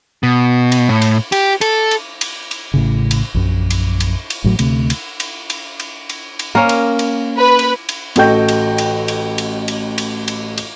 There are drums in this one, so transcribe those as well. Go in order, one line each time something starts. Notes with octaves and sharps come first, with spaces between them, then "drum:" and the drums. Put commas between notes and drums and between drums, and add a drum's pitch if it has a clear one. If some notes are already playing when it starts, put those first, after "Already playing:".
B2
drum: cymbal
A2
drum: cymbal
G4, drum: cymbal
A4, drum: cymbal
drum: cymbal
drum: cymbal
drum: cymbal
A1 A2 C#3
drum: cymbal
A#1 F#2
drum: cymbal
drum: cymbal
drum: cymbal
A1 A2 F#3 A3
D2 C3 A3, drum: cymbal
drum: cymbal
drum: cymbal
drum: cymbal
drum: cymbal
drum: cymbal
drum: cymbal
A#3 C#4
drum: cymbal
drum: cymbal
B4
drum: cymbal
drum: cymbal
A1 F#4 A4 D#5 G5 G6, drum: cymbal
drum: cymbal
drum: cymbal
drum: cymbal
drum: cymbal
drum: cymbal
drum: cymbal
drum: cymbal
drum: cymbal